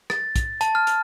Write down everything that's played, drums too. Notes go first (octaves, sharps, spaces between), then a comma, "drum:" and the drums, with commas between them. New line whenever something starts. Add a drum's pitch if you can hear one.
A6, drum: rim click
drum: kick, hi-hat
A5, drum: hi-hat
F6
drum: hi-hat